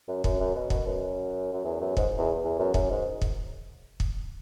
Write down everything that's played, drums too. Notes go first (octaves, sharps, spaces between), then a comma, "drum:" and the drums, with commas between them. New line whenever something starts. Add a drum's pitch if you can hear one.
F#2
F#2, drum: kick
F#2
B2
B2, drum: kick
F#2
F#2
E2
F#2
G#2, drum: kick
E2
E2
F#2
F#2, drum: kick
G#2
drum: kick
drum: kick